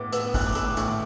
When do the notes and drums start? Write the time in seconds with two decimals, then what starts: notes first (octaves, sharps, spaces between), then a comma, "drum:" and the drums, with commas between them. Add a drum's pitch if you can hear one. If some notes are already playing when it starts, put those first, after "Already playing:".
Already playing: A2 B3 D6
0.13 B3 E6, drum: hi-hat
0.34 A2 F#6, drum: kick, open hi-hat
0.47 D6
0.55 A2 E6, drum: hi-hat
0.67 D6
0.77 A2 C#6, drum: hi-hat
0.88 D6